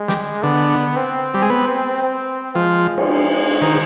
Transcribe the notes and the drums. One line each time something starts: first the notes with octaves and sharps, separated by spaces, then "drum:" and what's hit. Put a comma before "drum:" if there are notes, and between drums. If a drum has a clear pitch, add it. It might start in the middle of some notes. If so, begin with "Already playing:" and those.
Already playing: G#3
G3, drum: snare
D3 B3
C4
G3
G#3
B3
C4
F3 G#3
drum: cymbal
D#3